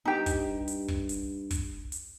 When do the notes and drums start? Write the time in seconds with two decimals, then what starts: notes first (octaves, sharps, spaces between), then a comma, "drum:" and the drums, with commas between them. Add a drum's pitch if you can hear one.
0.05 G2 D#4 G4
0.26 drum: kick, hi-hat
0.68 drum: hi-hat
0.88 drum: kick
1.09 drum: hi-hat
1.51 drum: kick, hi-hat
1.92 drum: hi-hat